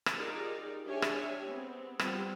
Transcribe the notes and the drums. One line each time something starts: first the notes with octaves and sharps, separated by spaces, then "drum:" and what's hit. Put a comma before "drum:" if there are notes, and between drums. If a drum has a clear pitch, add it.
drum: rim click
D#4 F4 G4 G#4 A#4 D5
D4 G4 G#4 C#5 E5 G#5
drum: rim click
B3 C4
G3 B3 C4 F4 G4, drum: rim click